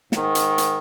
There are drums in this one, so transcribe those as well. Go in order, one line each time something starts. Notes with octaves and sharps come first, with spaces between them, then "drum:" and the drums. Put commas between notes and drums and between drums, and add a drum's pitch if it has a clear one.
G#2 D#3, drum: snare
drum: hi-hat
drum: hi-hat